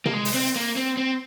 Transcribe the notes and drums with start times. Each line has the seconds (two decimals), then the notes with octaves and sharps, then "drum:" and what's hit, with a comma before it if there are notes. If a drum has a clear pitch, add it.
0.06 A#3, drum: tom C3
0.13 G#3
0.25 drum: open hi-hat
0.34 C4
0.56 A#3
0.76 C4
0.97 C4